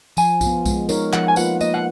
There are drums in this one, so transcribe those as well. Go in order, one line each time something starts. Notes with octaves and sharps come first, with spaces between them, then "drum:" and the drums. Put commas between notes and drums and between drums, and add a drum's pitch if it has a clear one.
F3 G#5, drum: tambourine
F4, drum: kick B1, tambourine
B3
G#3, drum: kick B1, tambourine
D#4 A#4 C#5, drum: tambourine
F3 F#5, drum: clap
G#5
A#3 F4 B4 F#5, drum: tambourine
A#3 D#5, drum: tambourine
F#5